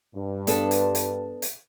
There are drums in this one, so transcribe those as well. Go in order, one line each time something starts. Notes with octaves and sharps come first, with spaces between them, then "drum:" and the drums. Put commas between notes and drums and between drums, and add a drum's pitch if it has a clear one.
G2
B3 D4 A4, drum: hi-hat
drum: hi-hat
drum: hi-hat
drum: hi-hat